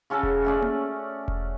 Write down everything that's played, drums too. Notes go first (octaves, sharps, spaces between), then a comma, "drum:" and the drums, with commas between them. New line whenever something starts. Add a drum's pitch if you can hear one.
C#3 C#4 F#4 A4
drum: kick E1
A3 C#4 D5
drum: tom A#3
drum: kick E1